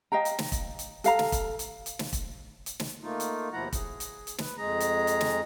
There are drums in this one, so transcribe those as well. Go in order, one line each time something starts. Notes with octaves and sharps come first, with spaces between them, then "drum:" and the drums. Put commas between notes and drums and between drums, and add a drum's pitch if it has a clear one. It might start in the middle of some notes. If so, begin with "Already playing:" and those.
D#5 F5 G5 A#5
drum: hi-hat
drum: snare
drum: kick, hi-hat
drum: hi-hat
A4 F5 A#5, drum: hi-hat
drum: snare
drum: kick, hi-hat
drum: hi-hat
drum: hi-hat
drum: snare
drum: kick, hi-hat
drum: hi-hat
drum: snare
A3 A#3 D#4 F4
drum: hi-hat
D#2 B2 F3 E4 F#5 A#5
G#4, drum: kick, hi-hat
drum: hi-hat
drum: hi-hat
B4, drum: snare
F2 G#3 G#4 A#5
drum: hi-hat
drum: hi-hat
drum: snare